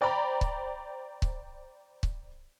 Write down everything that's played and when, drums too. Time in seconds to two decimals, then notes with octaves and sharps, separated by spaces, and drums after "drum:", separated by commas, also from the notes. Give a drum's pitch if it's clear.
0.01 C5 D5 G5 A#5 B5
0.41 drum: kick C#1
1.22 drum: kick C#1
2.03 drum: kick C#1